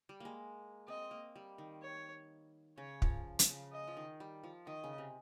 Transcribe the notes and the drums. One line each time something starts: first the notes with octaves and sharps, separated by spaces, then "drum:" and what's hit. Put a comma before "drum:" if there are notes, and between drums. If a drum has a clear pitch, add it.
G3
G#3 A#3
C4 D#5
A#3
G3
D#3
C#5
C#3 C#5
F3, drum: kick
drum: hi-hat
C#3
D#5
F3
D#3
G3
F3
D#3 D#5
C#3
C3